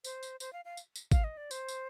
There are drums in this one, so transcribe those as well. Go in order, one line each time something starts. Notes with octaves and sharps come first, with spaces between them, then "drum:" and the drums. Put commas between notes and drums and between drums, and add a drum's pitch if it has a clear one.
C5, drum: tambourine
drum: tambourine
C5, drum: tambourine
F5
F5
drum: tambourine
drum: tambourine
F5, drum: kick G#1, tambourine
D#5
D5
C5, drum: tambourine
drum: tambourine